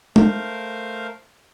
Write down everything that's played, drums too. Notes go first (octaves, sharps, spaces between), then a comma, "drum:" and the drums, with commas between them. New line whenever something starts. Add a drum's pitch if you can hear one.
A3 A#4 C5 F5, drum: tom